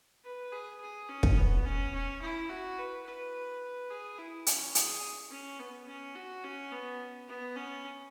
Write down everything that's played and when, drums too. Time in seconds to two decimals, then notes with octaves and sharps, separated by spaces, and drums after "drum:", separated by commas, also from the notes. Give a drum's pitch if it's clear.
0.24 B4
0.52 G#4
0.81 G#4
1.09 C#4
1.23 drum: kick
1.37 B3
1.65 C#4
1.93 C#4
2.21 E4
2.49 F#4
2.78 B4
3.06 B4
3.90 G#4
4.18 E4
4.47 C#4, drum: hi-hat
4.75 G#4, drum: hi-hat
5.30 C#4
5.59 B3
5.87 C#4
6.15 F#4
6.44 C#4
6.71 B3
7.28 B3
7.56 C#4